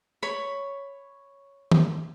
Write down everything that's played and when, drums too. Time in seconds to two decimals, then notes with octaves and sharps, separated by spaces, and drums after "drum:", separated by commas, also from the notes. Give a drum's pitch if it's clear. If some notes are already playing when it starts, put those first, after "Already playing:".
0.22 C#5 B5
1.72 drum: tom